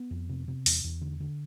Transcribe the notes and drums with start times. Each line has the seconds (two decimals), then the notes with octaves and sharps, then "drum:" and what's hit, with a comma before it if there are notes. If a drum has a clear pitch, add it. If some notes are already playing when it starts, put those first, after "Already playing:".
Already playing: B3
0.11 F2
0.29 C3
0.48 C3
0.66 E2, drum: open hi-hat
0.84 E2
1.01 D3
1.20 D3